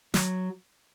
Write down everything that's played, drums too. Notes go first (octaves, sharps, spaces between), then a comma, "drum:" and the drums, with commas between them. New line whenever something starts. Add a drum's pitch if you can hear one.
F#3, drum: snare